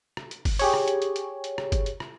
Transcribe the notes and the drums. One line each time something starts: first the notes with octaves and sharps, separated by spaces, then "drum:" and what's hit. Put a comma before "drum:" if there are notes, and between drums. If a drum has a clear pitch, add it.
drum: rim click
drum: hi-hat
drum: kick G1, open hi-hat
G4 G#4 C#5, drum: open hi-hat
drum: rim click
drum: hi-hat
drum: hi-hat
drum: hi-hat
drum: hi-hat
drum: rim click
drum: kick G1, hi-hat
drum: hi-hat
drum: rim click